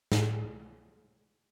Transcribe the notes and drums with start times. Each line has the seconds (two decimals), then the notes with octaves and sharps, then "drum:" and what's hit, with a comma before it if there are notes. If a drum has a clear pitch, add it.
0.12 A2, drum: snare